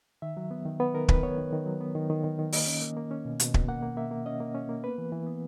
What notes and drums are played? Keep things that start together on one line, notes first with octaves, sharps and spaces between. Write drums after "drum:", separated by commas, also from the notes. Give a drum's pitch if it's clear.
D#3 E5
F#3
B3
D#3
B3 B4
D#3 A#4
D#3 B4, drum: kick
B3 C#5
D#3
D#3
F#3
B3
D#3
D#3
D#3
D#3
A#3 D#5, drum: open hi-hat
C#4
A#3
A#3
C#4
B2
B2, drum: hi-hat
B2, drum: kick
A#3 F#5
A#3
A#3 E5
A#3
C#4 D#5
A#3
C#4
A#3
B3 B4
E3
E3
B3